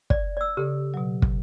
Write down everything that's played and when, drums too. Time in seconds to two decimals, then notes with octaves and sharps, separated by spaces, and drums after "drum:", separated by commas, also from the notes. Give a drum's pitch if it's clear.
0.10 D5, drum: kick
0.37 D5 E6
0.57 C#3 G4 A4
0.94 B2 F#3
1.22 drum: kick